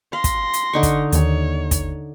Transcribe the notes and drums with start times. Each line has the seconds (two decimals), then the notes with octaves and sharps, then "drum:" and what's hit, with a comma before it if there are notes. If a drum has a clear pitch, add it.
0.13 F5 C6 A#6
0.24 drum: kick, hi-hat
0.53 drum: hi-hat
0.73 D3 D#4 C#6
0.83 drum: kick, hi-hat
1.12 D#2 C#5, drum: hi-hat
1.71 drum: kick, hi-hat